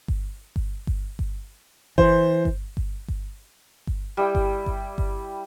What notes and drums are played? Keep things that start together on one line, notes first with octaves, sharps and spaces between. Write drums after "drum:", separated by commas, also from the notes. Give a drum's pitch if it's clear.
drum: kick G1
drum: kick G1
drum: kick G1
drum: kick G1
E3 C5, drum: kick G1
drum: kick G1
drum: kick G1
drum: kick G1
drum: kick G1
G3 E4 G5
drum: kick G1
drum: kick G1
drum: kick G1